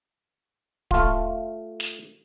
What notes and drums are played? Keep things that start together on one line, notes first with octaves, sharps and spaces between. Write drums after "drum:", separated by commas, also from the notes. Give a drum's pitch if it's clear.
A3 F4, drum: kick D1
drum: snare